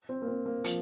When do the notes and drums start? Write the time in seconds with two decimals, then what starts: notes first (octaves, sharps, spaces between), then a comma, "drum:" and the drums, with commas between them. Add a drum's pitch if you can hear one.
0.09 C4
0.22 A#3
0.28 C4
0.46 A#3
0.64 F3, drum: hi-hat